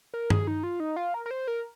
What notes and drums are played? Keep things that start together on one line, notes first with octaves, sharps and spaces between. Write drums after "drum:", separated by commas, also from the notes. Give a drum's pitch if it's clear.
A#4
G#4, drum: tom G2
D#4
F4
D#4
F4
A#4
A#4
C5
A#4